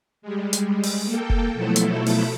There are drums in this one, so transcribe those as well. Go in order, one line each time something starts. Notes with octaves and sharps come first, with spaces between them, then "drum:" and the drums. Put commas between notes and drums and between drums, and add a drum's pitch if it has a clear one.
G3 G#3
drum: hi-hat
drum: open hi-hat
A#3 A4 G5
drum: kick F1
B2 F3 F#3 A3 E4 A4
drum: hi-hat
drum: open hi-hat